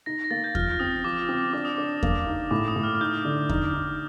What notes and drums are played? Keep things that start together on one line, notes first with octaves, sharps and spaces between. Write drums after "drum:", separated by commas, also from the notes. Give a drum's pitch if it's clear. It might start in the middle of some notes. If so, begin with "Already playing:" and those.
D#4 A#6
A#6
A#3 A6
G6
F3 F6, drum: kick E2
C4 D#6
F3 D6
C4 D#6
D4 D6
D#6
D4 D6
A#3, drum: kick E2
D#4
A2 D6
D#6
A2
F6
F6
D#4 G6
D3
D#4, drum: kick E2
D#4